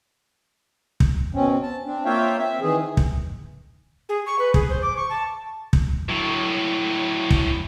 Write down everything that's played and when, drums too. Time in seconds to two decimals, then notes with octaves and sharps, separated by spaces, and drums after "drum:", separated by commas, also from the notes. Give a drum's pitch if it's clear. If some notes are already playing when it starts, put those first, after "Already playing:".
1.00 drum: kick
1.34 B2 C4 C#4
1.62 A5
1.85 C4 D4
2.05 A#3 F4 C#5 E5 F5 G5
2.39 C4 E5
2.61 D#3 E3 G#4
2.97 drum: kick
4.09 G#4
4.26 C#6
4.39 B4
4.54 G#4, drum: kick
4.69 C5
4.82 D6
4.96 C#6
5.09 A5
5.73 drum: kick
6.09 A2 F#3
7.30 drum: kick